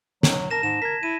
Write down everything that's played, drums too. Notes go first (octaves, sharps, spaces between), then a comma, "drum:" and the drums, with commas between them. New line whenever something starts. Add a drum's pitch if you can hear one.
F#3, drum: snare
A#4 A5 A#6 E7
G#2 E7
A#4 G#6 B6
E4 D#7